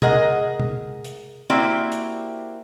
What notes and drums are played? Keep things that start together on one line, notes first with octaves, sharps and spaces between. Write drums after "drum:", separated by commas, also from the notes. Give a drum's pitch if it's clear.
G#4 A#4 D#5 F#5, drum: tom C3
drum: tom C3
drum: hi-hat
A#3 C4 E4 F#4 G4 D5
drum: hi-hat